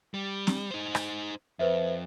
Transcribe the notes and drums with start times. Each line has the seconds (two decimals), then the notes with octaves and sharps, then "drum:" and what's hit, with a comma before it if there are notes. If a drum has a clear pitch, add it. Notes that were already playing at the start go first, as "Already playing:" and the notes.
0.14 G3
0.47 drum: snare
0.71 D#4 C5
0.95 drum: rim click
1.59 F2 B4 C5 E5